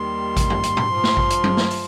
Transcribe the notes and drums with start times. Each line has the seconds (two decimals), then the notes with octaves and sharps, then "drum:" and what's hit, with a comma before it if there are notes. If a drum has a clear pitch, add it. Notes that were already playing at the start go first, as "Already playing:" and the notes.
Already playing: D#2 D#3 G3 C6
0.37 drum: kick A1, hi-hat
0.50 drum: tom
0.63 drum: hi-hat
0.77 drum: tom A2
0.90 G2 F3
1.04 drum: snare
1.17 drum: kick A1
1.30 drum: hi-hat
1.44 drum: tom F#3
1.57 drum: snare
1.70 drum: open hi-hat